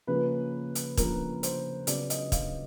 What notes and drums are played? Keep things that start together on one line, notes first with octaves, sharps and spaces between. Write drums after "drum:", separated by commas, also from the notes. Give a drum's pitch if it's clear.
C#3 F3 A#3 B4
drum: hi-hat
C#3 F3 A#3 A#4, drum: kick, hi-hat
C5, drum: hi-hat
C#3 F#3 B3 D5, drum: hi-hat
D#5, drum: hi-hat
F5, drum: kick, hi-hat